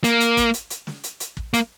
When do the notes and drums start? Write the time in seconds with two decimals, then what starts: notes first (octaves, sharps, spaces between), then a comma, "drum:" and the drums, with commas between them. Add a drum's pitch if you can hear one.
0.04 A#3, drum: hi-hat
0.20 drum: hi-hat
0.37 drum: kick, hi-hat
0.54 drum: hi-hat
0.70 drum: hi-hat
0.87 drum: snare
1.04 drum: hi-hat
1.20 drum: hi-hat
1.37 drum: kick
1.54 A#3, drum: hi-hat